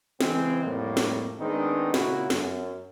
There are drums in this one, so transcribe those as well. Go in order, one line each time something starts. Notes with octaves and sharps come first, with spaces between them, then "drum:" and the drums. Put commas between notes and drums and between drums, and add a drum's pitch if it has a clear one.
C#3 E3 G#3 C4, drum: snare
F2 A2 G3 A#3
drum: snare
D#3 G#3 B3 C4 D4 D#4
A#2 C#3 E4 F#4, drum: snare
F#2, drum: snare